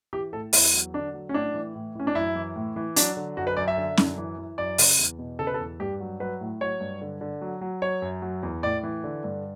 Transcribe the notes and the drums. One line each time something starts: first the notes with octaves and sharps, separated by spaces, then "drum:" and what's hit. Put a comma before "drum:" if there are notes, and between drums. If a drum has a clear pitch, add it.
E3 G4
A2 A4
E2 E4, drum: open hi-hat
F#3
D3 D4
F#3
C#4
A2 D4
E3
A2
E3 C#4
D4
F#2 E4
E3
A2
E3
F#3 D4, drum: hi-hat
D3
F#2 F#4
B4
F#2 D5
E5
D3
F#2, drum: snare
E3
E3
F#2 D5
C#3, drum: open hi-hat
E2
B2
C#3 A4
B4
A4
E2
G2 G4
F#3
F#3 B4
A2
F#3 C#5
G2
D3
D3
F#3
F#3
F#3 C#5
F#2
F#3
E2
A2 D5
E3
D3
G2